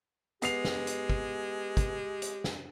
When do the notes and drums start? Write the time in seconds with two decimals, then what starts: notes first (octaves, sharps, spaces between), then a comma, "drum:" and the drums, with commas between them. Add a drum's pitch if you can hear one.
0.42 G#3 B3 G4 C7 F7, drum: hi-hat
0.65 drum: snare
0.87 drum: hi-hat
1.10 drum: kick
1.77 drum: kick, hi-hat
2.22 drum: hi-hat
2.44 drum: snare